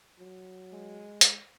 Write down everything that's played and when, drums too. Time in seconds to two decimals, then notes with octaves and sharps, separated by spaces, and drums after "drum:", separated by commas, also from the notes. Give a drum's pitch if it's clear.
0.19 F#3
0.73 G#3
1.21 drum: hi-hat